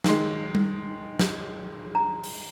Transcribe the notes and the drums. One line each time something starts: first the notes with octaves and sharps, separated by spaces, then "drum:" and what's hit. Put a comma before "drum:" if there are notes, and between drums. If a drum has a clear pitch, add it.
D#3 G#3, drum: snare
drum: tom G3
drum: snare
A#5
drum: open hi-hat